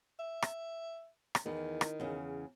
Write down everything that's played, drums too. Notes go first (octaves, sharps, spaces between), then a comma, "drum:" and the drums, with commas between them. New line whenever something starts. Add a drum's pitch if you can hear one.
E5
drum: rim click
drum: rim click
E2 D#3
drum: rim click
E2 C#3